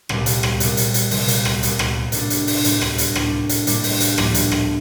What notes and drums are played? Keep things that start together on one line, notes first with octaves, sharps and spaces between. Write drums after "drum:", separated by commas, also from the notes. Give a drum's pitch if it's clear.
C2 A#2 G3, drum: rim click
drum: hi-hat
drum: rim click
C2 A#2 G3, drum: hi-hat
drum: hi-hat
drum: hi-hat
C2 A#2 G3, drum: open hi-hat
drum: hi-hat
drum: rim click
C2 A#2 G3, drum: hi-hat
drum: rim click
A2 G3 A#3 D4, drum: hi-hat
drum: hi-hat
drum: open hi-hat
A2 G3 A#3 D4, drum: hi-hat
drum: rim click
drum: hi-hat
A2 G3 A#3 D4, drum: rim click
drum: hi-hat
A2 G3 A#3 D4, drum: hi-hat
drum: open hi-hat
drum: hi-hat
A#1 A2 G3 A#3 D4, drum: rim click
drum: hi-hat
drum: rim click